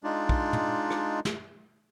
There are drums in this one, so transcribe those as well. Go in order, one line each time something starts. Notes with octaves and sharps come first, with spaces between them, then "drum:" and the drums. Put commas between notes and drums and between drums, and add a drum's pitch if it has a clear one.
G#3 D4 D#4 F4 D5
drum: kick
drum: tom
drum: rim click
drum: snare